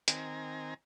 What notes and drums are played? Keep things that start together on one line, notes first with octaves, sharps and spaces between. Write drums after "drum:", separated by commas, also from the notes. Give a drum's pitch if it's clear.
D#3 C4 G#5 A#5, drum: hi-hat